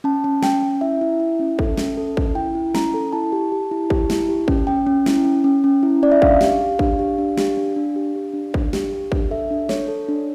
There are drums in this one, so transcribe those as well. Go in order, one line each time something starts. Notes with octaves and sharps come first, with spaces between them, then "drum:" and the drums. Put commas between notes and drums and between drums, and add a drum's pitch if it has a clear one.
C#4 A5
C#4
C#4 G5, drum: snare
C#4
E4 E5
E4
E4
C#4
A4, drum: kick
C#4, drum: snare
A4
C#4, drum: kick
E4 G5
E4
C#4 A#5, drum: snare
A4
E4 A5
G4
G4
E4
G4, drum: kick
E4, drum: snare
G4
C#4, drum: kick
C#4 G5
C#4
E4, drum: snare
C#4
C#4
C#4
E4
C#4 D5
E5
D4 F5, drum: kick
G4, drum: snare
G4
D4, drum: kick
G4
D4
G4, drum: snare
D4
D4
G4
G4
D4
D4, drum: kick
G4, drum: snare
G4
D4, drum: kick
A4 E5
D4
A4 C#5, drum: snare
A4
D4